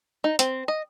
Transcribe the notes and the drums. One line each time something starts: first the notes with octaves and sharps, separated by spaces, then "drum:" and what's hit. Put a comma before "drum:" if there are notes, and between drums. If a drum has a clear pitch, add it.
D#4
C4, drum: hi-hat
D#5